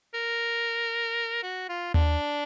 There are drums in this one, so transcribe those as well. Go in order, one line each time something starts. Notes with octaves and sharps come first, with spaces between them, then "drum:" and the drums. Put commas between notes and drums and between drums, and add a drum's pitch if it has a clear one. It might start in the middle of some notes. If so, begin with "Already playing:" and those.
A#4
F#4
F4
D4, drum: tom D#2